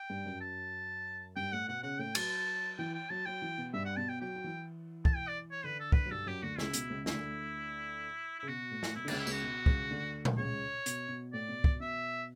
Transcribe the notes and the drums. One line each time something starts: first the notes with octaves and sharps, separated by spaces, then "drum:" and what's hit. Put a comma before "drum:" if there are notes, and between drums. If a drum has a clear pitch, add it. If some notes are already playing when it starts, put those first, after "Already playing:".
Already playing: G5
G2 G3
F#2 F#3
A5
G2 G3 G5
A2 A3 F#5
B2 B3 F#5
C#3 C#4 F#5
A2 A3 G5
F#3 F#4 A5, drum: cymbal
E3 E4 G5
G5
F#3 F#4 A5
F#3 F#4 G5
E3 E4
B2 B3
G2 G3 E5
F#5
B2 B3 A5
G5
F#3 F#4 G5
F#4
E3 E4
A5, drum: kick
G5
D5
C#5
D3 D4 B4
A4
B4, drum: kick
F#3
G2 G3 A4
F#2 F#3 G4
D2 D3 F#4
C#2 C#3 E4, drum: snare
B2, drum: hi-hat
C#2 C#3
D2 D3 E4, drum: snare
C#3 E4
B2 F#4
A2
drum: snare
B2 E4
D3
C#2 C#3 D4, drum: cymbal
E4
C#2 C#3 F#4, drum: tambourine
B2
C#2 C#3, drum: kick
D2 D3
drum: tom A#2
C#2 C#3 C#5
B2, drum: hi-hat
B2
A2 D5
B2
B2, drum: kick
B2 E5